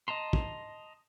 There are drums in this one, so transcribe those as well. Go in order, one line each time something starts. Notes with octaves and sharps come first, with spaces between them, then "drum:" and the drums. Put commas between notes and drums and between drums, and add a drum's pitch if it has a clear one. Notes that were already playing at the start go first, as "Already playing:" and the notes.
D#5 A5 A#5 C6
drum: kick